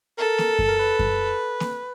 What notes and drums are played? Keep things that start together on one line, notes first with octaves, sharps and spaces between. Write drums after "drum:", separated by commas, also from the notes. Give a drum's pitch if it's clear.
A4 A#4
drum: snare A#3
drum: kick F#2
A#4
B4
drum: kick F#2
drum: snare A#3